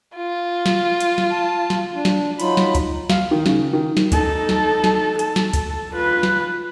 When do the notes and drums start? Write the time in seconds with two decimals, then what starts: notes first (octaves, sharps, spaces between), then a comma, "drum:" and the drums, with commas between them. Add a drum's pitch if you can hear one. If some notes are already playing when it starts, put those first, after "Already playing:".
0.16 F4
0.66 drum: snare
1.00 drum: hi-hat
1.18 drum: snare
1.31 A5
1.70 drum: snare
1.95 D4
2.05 drum: snare
2.40 F#3 D#4 F4 B5, drum: hi-hat
2.57 drum: snare
2.75 drum: kick D2, hi-hat
3.10 F5, drum: snare
3.31 D#3
3.46 C#3, drum: snare
3.73 D#3
3.97 drum: snare
4.12 D#4 A4, drum: kick D2, hi-hat
4.49 drum: snare
4.84 drum: snare
5.19 A4, drum: hi-hat
5.36 drum: snare
5.53 drum: kick D2, hi-hat
5.93 F4 B4
6.23 drum: snare